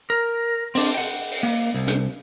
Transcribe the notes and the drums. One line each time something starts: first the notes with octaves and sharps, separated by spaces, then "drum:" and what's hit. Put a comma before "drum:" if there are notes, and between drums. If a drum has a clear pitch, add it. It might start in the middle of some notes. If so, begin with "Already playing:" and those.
A#4
C4 D4, drum: open hi-hat
F#5 G5
drum: open hi-hat
A#3
C2
drum: hi-hat